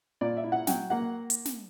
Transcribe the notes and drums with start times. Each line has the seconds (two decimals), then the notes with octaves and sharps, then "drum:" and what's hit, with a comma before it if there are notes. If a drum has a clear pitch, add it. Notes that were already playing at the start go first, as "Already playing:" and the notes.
0.21 A#2 D5
0.37 E5
0.44 E4
0.52 F#5
0.67 F#3 G5, drum: snare
0.90 A#3 F#5
1.30 drum: hi-hat
1.45 drum: snare